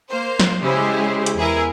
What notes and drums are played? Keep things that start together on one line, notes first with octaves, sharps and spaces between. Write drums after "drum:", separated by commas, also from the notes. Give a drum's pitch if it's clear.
A#3 C5
drum: snare
C#3 G#3 E4 G4 G#4 C5
drum: hi-hat
E2 E4 G#4 A#4